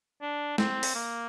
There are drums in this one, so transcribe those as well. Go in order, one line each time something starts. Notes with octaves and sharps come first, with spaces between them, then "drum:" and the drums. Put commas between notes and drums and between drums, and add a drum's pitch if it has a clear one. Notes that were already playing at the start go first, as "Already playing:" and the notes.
D4
C4, drum: snare
drum: open hi-hat
A#3